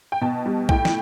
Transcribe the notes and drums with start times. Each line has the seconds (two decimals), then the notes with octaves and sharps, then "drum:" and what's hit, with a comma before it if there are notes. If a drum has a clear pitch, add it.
0.12 G5
0.21 B2 A5
0.46 G3
0.69 A2 G5, drum: kick A#1
0.85 drum: snare